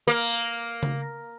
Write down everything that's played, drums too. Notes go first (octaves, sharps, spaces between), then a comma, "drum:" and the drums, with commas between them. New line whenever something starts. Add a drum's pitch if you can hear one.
A#3
drum: tom C#3